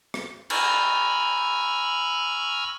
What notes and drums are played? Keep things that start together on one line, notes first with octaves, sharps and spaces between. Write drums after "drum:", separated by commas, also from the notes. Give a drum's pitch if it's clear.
drum: rim click
G#5 A#5 B5 C#6 E6 F6, drum: cymbal